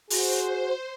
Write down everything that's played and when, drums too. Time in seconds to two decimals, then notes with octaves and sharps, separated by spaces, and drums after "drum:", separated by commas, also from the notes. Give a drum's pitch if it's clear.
0.10 F#4 G#4 C5, drum: open hi-hat